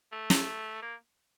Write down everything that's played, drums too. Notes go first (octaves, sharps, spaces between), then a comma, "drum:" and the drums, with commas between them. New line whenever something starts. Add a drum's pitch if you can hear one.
A3
drum: snare
A#3